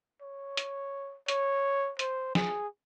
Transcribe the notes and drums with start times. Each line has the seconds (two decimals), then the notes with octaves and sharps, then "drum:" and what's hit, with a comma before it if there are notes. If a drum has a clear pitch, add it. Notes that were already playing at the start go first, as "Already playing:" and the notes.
0.22 C#5
0.57 drum: hi-hat
1.28 C#5, drum: hi-hat
1.99 C5, drum: hi-hat
2.35 G#4, drum: snare